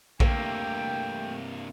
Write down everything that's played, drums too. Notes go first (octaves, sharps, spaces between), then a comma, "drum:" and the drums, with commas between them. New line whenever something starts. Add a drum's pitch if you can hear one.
G2 C3 A3 A#3 G4 G5, drum: kick A#1